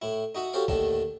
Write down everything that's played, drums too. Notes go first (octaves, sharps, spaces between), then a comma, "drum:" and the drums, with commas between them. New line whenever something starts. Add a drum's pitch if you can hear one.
A2 E4
D#4 F#4 E5 F#5
F#4 G4 A4 C5 C#5 F5
D#2 A2 D3 D#3 A4 A5, drum: kick B1